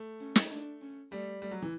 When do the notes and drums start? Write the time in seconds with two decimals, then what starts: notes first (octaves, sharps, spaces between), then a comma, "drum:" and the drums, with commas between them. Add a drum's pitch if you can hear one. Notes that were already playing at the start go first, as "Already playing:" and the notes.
Already playing: A3
0.20 C#4
0.36 drum: snare
0.51 D4
0.82 C#4
1.11 G3 A3
1.42 G3 A3
1.51 F#3
1.62 E3